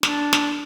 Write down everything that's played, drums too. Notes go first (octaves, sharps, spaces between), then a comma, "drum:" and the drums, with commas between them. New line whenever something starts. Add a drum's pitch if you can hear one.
D4, drum: snare
drum: snare